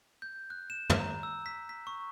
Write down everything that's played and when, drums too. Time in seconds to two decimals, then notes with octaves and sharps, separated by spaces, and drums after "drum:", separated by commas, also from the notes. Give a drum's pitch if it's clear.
0.22 G6
0.50 F#6
0.70 E7
0.90 drum: tom
0.99 A#5
1.23 E6
1.46 B6
1.69 B6
1.87 C#6